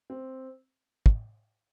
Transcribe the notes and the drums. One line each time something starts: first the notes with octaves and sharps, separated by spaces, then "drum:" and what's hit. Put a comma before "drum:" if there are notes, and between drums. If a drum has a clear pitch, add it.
C4
drum: kick